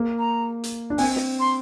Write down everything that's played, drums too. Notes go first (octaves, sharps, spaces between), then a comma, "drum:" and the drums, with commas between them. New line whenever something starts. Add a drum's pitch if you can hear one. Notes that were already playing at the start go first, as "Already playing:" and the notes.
Already playing: A#3
A#5
drum: hi-hat
D4
C4 G#5, drum: open hi-hat
drum: snare
C6